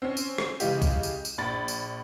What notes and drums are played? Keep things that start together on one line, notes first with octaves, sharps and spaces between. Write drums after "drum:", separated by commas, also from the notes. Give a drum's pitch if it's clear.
C4 C#4
drum: tambourine
drum: rim click
C#3 E3 G#3 F4 G4, drum: tambourine
drum: kick, tambourine
drum: tambourine
drum: tambourine
A#1 B5 A6
drum: tambourine